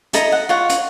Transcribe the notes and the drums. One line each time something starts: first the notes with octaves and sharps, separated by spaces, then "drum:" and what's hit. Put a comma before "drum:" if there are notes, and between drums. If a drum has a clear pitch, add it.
E4 A4 D#5 A#5, drum: hi-hat
F#5
F4 C#5 F#5
drum: hi-hat